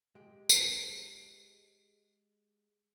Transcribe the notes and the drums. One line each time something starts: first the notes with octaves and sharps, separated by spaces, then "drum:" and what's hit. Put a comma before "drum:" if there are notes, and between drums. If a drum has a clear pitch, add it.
G#3 G4
drum: tambourine